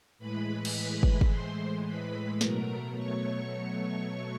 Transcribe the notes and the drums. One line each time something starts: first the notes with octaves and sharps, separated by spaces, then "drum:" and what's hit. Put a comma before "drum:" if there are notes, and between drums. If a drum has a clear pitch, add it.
A2 E3 G#3 B4 B5
drum: cymbal
B4 B5
drum: kick
drum: kick
C5 C6
B4 B5
B2 F#3 A3 A#4 A#5, drum: snare
C#5 C#6